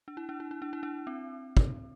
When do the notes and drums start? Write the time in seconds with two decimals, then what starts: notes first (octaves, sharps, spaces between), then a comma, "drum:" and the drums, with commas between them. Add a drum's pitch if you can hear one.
0.08 D4
0.17 E4
0.29 D4
0.40 E4
0.51 E4
0.62 D4
0.73 E4
0.83 D4
1.07 C4
1.57 drum: kick